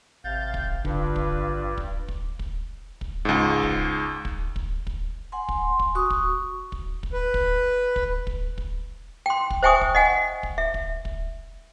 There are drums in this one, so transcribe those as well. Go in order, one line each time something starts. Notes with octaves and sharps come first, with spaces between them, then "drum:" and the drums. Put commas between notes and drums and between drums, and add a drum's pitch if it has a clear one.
G#1 C3 F5 G6 A6
drum: kick
G2 D3 D4 F4 B4, drum: kick
drum: kick
drum: kick
drum: kick
drum: kick
drum: kick
C#2 G#2
drum: kick
drum: kick
drum: kick
drum: kick
F#5 G#5 C6
drum: kick
drum: kick
F#4 C#6 D#6
drum: kick
drum: kick
drum: kick
B4
drum: kick
drum: kick
drum: kick
drum: kick
G5 C6
drum: kick
C5 E5 G5 G#5 C#6 D#6
drum: kick
D#5 F#5 G#5
drum: kick
E5
drum: kick
drum: kick